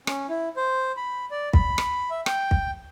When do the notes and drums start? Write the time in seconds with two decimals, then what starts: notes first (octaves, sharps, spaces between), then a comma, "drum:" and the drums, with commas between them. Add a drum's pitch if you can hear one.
0.07 C#4, drum: rim click
0.29 E4
0.57 C5
0.97 B5
1.31 D5
1.53 B5, drum: kick
1.78 drum: rim click
2.10 E5
2.26 G5, drum: rim click
2.51 drum: kick